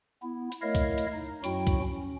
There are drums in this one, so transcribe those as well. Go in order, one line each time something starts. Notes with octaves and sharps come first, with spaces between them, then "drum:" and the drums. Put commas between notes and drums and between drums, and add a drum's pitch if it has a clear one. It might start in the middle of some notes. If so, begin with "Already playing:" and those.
B3 E4
drum: hi-hat
A3 E4 A#4 C#5 D#5 F5
drum: kick C2, hi-hat
drum: hi-hat
D#4
F#2 F#3 E4 F#4 G5, drum: hi-hat
drum: kick C2, hi-hat
C#4